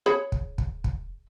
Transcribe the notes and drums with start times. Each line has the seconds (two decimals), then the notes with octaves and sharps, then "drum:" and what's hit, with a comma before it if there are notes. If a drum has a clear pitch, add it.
0.06 G#4 C#5 B5
0.32 drum: kick
0.58 drum: kick
0.84 drum: kick